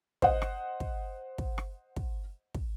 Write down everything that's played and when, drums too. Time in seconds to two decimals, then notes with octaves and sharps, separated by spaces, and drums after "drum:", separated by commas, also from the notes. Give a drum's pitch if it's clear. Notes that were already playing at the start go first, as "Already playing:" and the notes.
0.22 C5 D#5 F#5, drum: kick
0.42 drum: rim click
0.80 drum: kick
1.38 drum: kick
1.58 drum: rim click
1.96 drum: kick
2.54 drum: kick